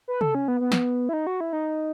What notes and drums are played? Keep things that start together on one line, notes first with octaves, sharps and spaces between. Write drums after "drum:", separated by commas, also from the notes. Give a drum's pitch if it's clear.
B4
A4, drum: tom C3
C#4
B3
B3
drum: snare
E4
D#4
F#4
E4
D#4